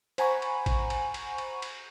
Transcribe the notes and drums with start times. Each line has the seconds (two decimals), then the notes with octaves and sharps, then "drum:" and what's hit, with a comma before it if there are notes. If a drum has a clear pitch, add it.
0.18 C5 F#5 G#5 A#5 B5 C#6, drum: cymbal
0.42 drum: cymbal
0.66 drum: kick, cymbal
0.90 drum: cymbal
1.14 drum: cymbal
1.38 drum: cymbal
1.62 drum: cymbal